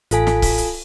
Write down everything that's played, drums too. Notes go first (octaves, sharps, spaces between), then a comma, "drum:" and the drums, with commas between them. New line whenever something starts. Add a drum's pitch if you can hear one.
A1 F4 A4 G#5 B6, drum: hi-hat
drum: snare
drum: kick, open hi-hat
drum: hi-hat